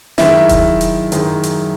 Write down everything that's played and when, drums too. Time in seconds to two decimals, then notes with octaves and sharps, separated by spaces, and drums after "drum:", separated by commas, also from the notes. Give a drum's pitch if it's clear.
0.18 F#2 D#3 G#3 E4 E5, drum: snare
0.49 drum: kick E1, hi-hat
0.81 drum: hi-hat
1.12 F#2 D#3 G#3, drum: hi-hat
1.43 drum: hi-hat